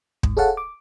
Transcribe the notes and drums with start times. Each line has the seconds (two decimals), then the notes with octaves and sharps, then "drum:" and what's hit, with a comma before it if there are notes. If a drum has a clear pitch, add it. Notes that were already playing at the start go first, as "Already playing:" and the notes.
0.23 G#2, drum: kick
0.37 G#4 A4 C#5 F5 F#5 A5
0.57 D6